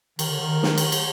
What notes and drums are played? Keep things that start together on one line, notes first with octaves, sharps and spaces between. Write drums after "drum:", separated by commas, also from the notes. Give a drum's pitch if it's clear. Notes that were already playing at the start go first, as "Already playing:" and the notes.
D#3, drum: cymbal
D3
D#3
drum: snare
drum: cymbal
drum: cymbal